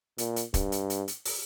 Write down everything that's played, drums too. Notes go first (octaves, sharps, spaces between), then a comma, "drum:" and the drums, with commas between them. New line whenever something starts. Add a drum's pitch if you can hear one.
A#2, drum: hi-hat
drum: hi-hat
G2, drum: kick, hi-hat
drum: hi-hat
drum: hi-hat
drum: hi-hat
drum: open hi-hat